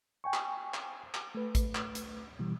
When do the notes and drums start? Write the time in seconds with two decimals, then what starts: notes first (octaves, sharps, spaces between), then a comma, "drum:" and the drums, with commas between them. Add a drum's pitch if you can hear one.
0.24 G5 G#5 C#6
0.34 drum: clap
0.74 drum: clap
1.14 drum: clap
1.35 A3 B4
1.55 drum: kick A1, hi-hat
1.75 drum: clap
1.95 drum: hi-hat
2.39 B2 E3 G3